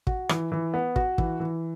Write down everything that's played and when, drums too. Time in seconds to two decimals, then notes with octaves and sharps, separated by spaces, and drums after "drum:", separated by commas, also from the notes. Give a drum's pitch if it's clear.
0.07 F#4, drum: kick
0.29 E3, drum: rim click
0.52 E3
0.74 B3
0.96 F#4, drum: kick
1.18 E3, drum: kick
1.40 E3